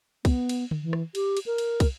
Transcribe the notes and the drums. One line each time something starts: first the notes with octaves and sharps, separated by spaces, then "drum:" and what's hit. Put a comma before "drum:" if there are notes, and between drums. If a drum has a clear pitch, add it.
B3, drum: kick, cymbal
drum: cymbal
drum: tom D3
E3
drum: rim click
G4, drum: cymbal
drum: cymbal
A#4
drum: cymbal
drum: kick, cymbal